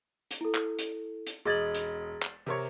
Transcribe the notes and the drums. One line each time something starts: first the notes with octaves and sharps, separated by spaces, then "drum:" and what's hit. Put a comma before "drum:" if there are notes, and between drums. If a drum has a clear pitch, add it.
drum: hi-hat
E4 A4
drum: clap
drum: hi-hat
drum: hi-hat
E1 G#4 D#5 G#6 A6 F#7
drum: hi-hat
drum: clap
C3 A#4 C#5